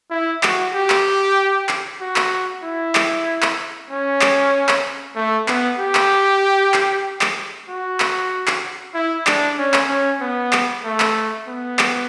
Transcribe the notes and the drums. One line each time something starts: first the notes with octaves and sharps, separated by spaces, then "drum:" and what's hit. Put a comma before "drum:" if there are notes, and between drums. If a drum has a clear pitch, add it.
E4
F#4, drum: clap
G4
drum: clap
drum: clap
F#4
drum: clap
E4
drum: clap
drum: clap
C#4
drum: clap
drum: clap
A3
B3, drum: clap
G4
drum: clap
drum: clap
drum: clap
F#4
drum: clap
drum: clap
E4
D4, drum: clap
C#4
drum: clap
C#4
B3
drum: clap
A3
drum: clap
B3
drum: clap